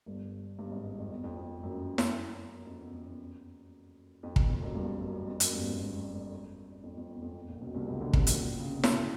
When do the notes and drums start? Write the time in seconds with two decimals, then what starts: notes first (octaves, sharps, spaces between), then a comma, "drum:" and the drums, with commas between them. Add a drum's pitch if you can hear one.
0.06 G1 G2
0.59 G1 G2
0.72 G#1 G#2
0.98 F2
1.11 E2
1.24 F2
1.37 F2
1.63 F#1 F#2
1.98 drum: snare E4
2.67 F2
2.80 E2
2.93 F2
3.06 E2
4.23 F2
4.36 E2, drum: kick
4.49 F2
4.62 F#1 F#2
4.75 G1 G2
5.01 F#1 F#2
5.27 F2
5.40 F#1 F#2, drum: hi-hat
5.53 G1 G2
5.66 G#1 G#2
5.79 G#1 G#2
6.84 F2
6.97 F2
7.10 E2
7.22 F2
7.35 E2
7.48 A#1 A#2
7.61 B1 B2
7.74 C2 C3
7.88 C#2 C#3
8.01 D2 D3
8.13 C2 C3, drum: kick
8.27 A#1 A#2, drum: hi-hat
8.59 C#3
8.68 C3
8.75 B2
8.83 A#2, drum: snare E4
8.92 A2